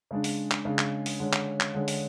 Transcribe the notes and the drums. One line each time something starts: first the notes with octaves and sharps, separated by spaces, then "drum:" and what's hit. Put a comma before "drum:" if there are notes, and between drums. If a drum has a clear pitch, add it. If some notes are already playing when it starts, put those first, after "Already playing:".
C#3 G#3 D4
drum: open hi-hat
drum: clap
C#3 G#3 D4
drum: clap
drum: open hi-hat
D3 G#3 C#4
drum: clap
drum: clap
D3 G#3 C#4
drum: open hi-hat